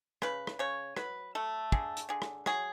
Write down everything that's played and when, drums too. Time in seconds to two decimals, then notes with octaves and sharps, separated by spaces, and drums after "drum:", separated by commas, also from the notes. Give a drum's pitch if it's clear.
0.22 C#3 B4, drum: rim click
0.47 drum: rim click
0.59 C#3 C#5
0.97 F#3 B4, drum: rim click
1.35 A3 A4
1.72 D3 G#4, drum: kick
1.97 drum: hi-hat
2.09 D3 G#4
2.22 drum: rim click
2.46 F#3 G#4, drum: rim click